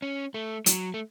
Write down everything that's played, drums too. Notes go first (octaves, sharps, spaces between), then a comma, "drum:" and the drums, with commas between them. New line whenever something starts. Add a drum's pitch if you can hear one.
C#4
A3
F#3, drum: hi-hat
A3